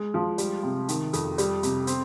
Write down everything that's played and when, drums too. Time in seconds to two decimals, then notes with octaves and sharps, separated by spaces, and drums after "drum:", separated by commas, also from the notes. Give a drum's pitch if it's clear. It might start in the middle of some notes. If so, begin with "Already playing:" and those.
Already playing: G#3
0.14 F3
0.38 G3, drum: hi-hat
0.63 C3
0.88 D#3, drum: hi-hat
1.13 F2, drum: hi-hat
1.38 G3, drum: hi-hat
1.63 C3, drum: hi-hat
1.87 C4, drum: hi-hat